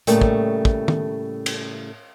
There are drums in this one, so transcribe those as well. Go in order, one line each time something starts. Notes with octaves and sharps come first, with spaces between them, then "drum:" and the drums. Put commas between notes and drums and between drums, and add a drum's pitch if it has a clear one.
A2 C#3 G3 A3 A#3, drum: hi-hat
drum: kick
drum: kick
drum: tom D#3
drum: cymbal